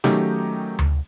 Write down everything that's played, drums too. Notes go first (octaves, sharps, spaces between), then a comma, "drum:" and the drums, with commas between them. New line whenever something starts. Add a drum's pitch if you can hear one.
D#3 F#3 A3 C#4 D#4 G4, drum: snare
drum: tom D2